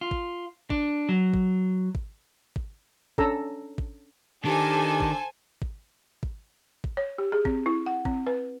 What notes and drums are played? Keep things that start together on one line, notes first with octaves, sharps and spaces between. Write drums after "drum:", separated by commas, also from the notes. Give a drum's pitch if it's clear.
F4
drum: kick
D4, drum: kick
F#3
drum: kick
drum: kick
drum: kick
C#4 D4 A4 A#5 E6, drum: kick
drum: kick
D#3 D4 G4 A4 C5 G#5
drum: kick
drum: kick
drum: kick
drum: kick
C#5
G4
G#4
C4, drum: kick
E4
F#5
C4, drum: kick
B4